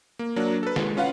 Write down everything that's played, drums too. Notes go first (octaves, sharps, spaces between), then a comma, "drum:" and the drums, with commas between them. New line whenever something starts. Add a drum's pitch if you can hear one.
A#3
F#3 A#3 D4
A4 B4
G#3, drum: snare
C#4 F4 B4 F5 F#5